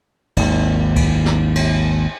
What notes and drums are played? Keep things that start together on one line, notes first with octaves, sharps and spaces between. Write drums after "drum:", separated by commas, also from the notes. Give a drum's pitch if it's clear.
G#1 D#2, drum: cymbal
drum: kick C2, cymbal
drum: snare
drum: cymbal